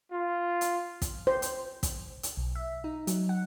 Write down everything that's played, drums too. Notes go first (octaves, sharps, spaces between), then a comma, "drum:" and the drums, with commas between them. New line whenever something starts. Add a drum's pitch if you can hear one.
F4
drum: hi-hat
drum: kick, hi-hat
C5
drum: hi-hat
drum: kick, hi-hat
drum: hi-hat
B1
E5
D#4
F#3, drum: hi-hat
F#5